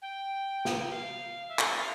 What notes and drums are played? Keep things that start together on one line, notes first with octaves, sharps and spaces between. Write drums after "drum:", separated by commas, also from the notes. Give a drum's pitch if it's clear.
G5
drum: snare
F5
E5
drum: clap
F5